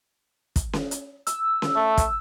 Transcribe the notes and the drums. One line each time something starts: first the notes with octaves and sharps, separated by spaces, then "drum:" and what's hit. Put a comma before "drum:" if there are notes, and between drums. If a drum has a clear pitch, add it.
drum: kick, hi-hat
drum: snare C#4
drum: hi-hat
E6, drum: hi-hat
drum: snare C#4
A3
drum: kick, hi-hat